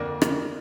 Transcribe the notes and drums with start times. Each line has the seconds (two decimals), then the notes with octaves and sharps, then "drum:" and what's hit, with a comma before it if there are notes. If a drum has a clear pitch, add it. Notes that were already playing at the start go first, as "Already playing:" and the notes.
Already playing: F2 D3 A#3 D4 A#4
0.22 drum: rim click